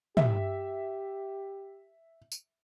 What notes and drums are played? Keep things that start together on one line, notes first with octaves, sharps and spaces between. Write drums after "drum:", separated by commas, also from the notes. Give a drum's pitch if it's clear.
G4 E5, drum: tom
drum: tambourine